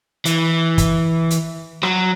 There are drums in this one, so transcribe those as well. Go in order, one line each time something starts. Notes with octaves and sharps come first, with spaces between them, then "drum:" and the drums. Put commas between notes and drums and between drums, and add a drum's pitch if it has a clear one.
E3, drum: hi-hat
drum: kick, hi-hat
drum: hi-hat
F#3, drum: rim click